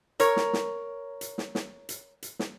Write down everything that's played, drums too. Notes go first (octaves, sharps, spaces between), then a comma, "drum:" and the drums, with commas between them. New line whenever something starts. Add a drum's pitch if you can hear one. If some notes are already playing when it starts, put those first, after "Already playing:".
A#4 C#5, drum: hi-hat
drum: snare
drum: snare
drum: hi-hat
drum: snare
drum: snare
drum: hi-hat
drum: hi-hat
drum: snare